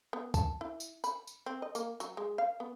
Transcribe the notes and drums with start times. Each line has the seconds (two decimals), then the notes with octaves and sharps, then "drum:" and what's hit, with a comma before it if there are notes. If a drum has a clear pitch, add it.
0.13 B3
0.34 A5, drum: kick C#2, tambourine
0.61 E4
0.80 drum: tambourine
1.04 B5, drum: tambourine
1.27 drum: tambourine
1.46 C4
1.62 D#5
1.75 A#3, drum: tambourine
2.00 F#3, drum: tambourine
2.17 G#3
2.38 F5
2.60 B3